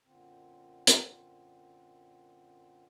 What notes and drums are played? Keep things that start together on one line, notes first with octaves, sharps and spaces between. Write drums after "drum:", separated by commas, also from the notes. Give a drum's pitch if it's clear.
F#2 A#2 D3 C4
drum: hi-hat